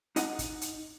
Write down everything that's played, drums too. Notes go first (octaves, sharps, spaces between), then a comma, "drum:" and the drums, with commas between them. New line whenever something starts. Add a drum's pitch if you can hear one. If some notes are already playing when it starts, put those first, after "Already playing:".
D#4 D#5 F#5, drum: hi-hat
drum: kick, hi-hat
drum: hi-hat